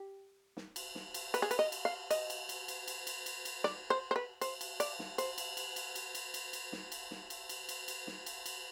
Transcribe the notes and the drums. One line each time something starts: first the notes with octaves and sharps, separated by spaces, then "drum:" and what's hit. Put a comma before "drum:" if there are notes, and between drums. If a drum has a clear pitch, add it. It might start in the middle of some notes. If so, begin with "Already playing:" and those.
Already playing: G4
drum: snare
drum: cymbal
drum: snare
drum: cymbal
B4, drum: cymbal
G#4
B4, drum: cymbal
D#5
drum: cymbal
F5
D#5, drum: cymbal
drum: cymbal
drum: cymbal
drum: cymbal
drum: cymbal
drum: cymbal
drum: cymbal
drum: cymbal
D5, drum: snare
C5
C5
B4
C5, drum: cymbal
drum: cymbal
D5, drum: cymbal
drum: snare
C5, drum: cymbal
drum: cymbal
drum: cymbal
drum: cymbal
drum: cymbal
drum: cymbal
drum: cymbal
drum: cymbal
drum: snare
drum: cymbal
drum: snare
drum: cymbal
drum: cymbal
drum: cymbal
drum: cymbal
drum: snare
drum: cymbal
drum: cymbal